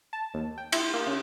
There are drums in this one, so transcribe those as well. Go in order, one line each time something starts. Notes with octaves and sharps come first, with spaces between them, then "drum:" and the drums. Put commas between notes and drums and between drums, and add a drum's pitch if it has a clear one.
A5
D#2
G5
E4, drum: cymbal
A#3
C#3